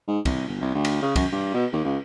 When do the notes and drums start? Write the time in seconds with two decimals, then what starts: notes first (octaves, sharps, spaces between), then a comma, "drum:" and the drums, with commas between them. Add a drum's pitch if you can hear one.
0.08 G#2
0.25 C2, drum: kick, cymbal
0.48 G1
0.61 C2
0.75 D2
0.85 drum: cymbal
1.02 C#3
1.16 F#2, drum: kick, cymbal
1.32 G2
1.54 B2
1.73 D#2
1.85 C#2